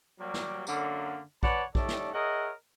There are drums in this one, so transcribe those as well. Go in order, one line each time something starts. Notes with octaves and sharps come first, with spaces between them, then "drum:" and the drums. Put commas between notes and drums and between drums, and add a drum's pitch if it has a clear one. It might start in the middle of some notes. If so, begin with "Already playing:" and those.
F#3 G3 A#3
drum: snare
F#2 D3 A#3, drum: tambourine
B4 C#5 D5 F#5 A5 B5, drum: kick
G3 A3 C#4 D#4 A4 D5, drum: kick
drum: snare
G#4 A#4 C#5 D#5 E5 F#5